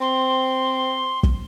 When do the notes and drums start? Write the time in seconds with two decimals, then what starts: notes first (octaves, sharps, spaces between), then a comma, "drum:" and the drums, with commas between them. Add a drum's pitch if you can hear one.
0.01 C4 C6
1.23 drum: kick